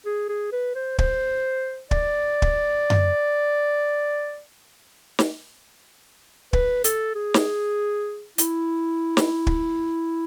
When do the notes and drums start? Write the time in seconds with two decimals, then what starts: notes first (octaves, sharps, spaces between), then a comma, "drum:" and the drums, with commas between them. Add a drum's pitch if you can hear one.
0.06 G#4
0.29 G#4
0.52 B4
0.75 C5
0.98 C5, drum: kick
1.91 D5, drum: kick
2.42 drum: kick
2.90 drum: tom F#2
5.19 drum: snare
6.53 B4, drum: kick
6.84 A4, drum: hi-hat
7.15 G#4
7.34 drum: snare
8.38 E4, drum: hi-hat
9.17 drum: snare
9.47 drum: kick